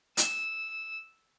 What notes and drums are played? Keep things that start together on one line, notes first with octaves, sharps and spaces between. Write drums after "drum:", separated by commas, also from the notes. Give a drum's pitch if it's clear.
E6, drum: hi-hat